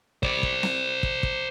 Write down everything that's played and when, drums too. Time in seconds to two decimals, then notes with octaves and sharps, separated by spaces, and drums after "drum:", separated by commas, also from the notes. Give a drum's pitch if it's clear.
0.23 C5 D5, drum: kick
0.43 drum: kick
0.63 drum: snare C4
1.03 drum: kick
1.23 drum: kick